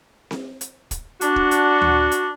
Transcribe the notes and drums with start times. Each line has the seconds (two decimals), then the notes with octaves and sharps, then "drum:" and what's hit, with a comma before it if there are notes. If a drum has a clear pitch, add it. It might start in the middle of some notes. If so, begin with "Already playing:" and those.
0.31 drum: snare C4
0.61 drum: hi-hat
0.91 drum: kick, hi-hat
1.21 D4 F#4, drum: hi-hat
1.36 drum: kick
1.51 drum: hi-hat
1.81 drum: tom D2
2.11 drum: hi-hat